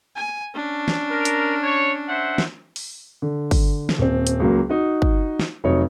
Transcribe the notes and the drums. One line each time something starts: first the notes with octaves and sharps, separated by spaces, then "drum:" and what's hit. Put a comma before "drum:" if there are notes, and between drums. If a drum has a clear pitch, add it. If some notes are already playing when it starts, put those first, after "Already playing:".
G#5
C#4 D4
drum: snare
A#4
drum: hi-hat
C#5
C5 E5 F#5
drum: snare
drum: open hi-hat
D3
drum: kick, open hi-hat
drum: snare
D#1 C4
drum: hi-hat
C#2 F#3 A#3
D#4 F#4
drum: kick
drum: snare
F1 F#3 D#4 C#5